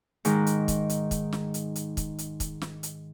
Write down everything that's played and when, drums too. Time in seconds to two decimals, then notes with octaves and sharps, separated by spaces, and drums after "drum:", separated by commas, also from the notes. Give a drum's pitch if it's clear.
0.25 G#2 D#3 G#3, drum: hi-hat
0.46 drum: hi-hat
0.68 drum: kick, hi-hat
0.89 drum: hi-hat
1.11 drum: kick, hi-hat
1.32 drum: snare
1.54 drum: hi-hat
1.75 drum: hi-hat
1.97 drum: kick, hi-hat
2.18 drum: hi-hat
2.40 drum: kick, hi-hat
2.61 drum: snare
2.83 drum: hi-hat